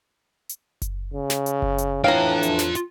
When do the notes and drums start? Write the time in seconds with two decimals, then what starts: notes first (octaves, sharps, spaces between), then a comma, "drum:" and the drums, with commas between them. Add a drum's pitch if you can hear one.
0.49 drum: hi-hat
0.82 drum: kick F#1, hi-hat
1.14 C#3
1.30 drum: snare
1.46 drum: hi-hat
1.62 drum: kick F#1
1.78 drum: hi-hat
2.04 A2 E3 D4 F4 F5 G5 A#5
2.43 drum: hi-hat
2.59 drum: snare
2.75 drum: hi-hat